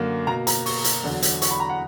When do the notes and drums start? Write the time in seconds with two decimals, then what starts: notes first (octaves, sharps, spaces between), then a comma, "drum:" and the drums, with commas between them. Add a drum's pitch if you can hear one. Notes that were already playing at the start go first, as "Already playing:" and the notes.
Already playing: F#2 D3 A#3
0.27 B2 A#3 A#5
0.47 A#5, drum: hi-hat
0.66 C#6, drum: open hi-hat
0.84 drum: hi-hat
1.04 E2 D3 F#3
1.22 drum: hi-hat
1.42 C#6, drum: hi-hat
1.51 B5
1.60 A#5
1.70 F#5